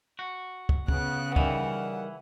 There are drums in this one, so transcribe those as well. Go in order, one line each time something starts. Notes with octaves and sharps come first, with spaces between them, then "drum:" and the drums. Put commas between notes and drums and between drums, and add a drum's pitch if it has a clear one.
F#4
drum: kick
C#3 B3 F#6, drum: kick
D#3 E3 G3 F#5, drum: kick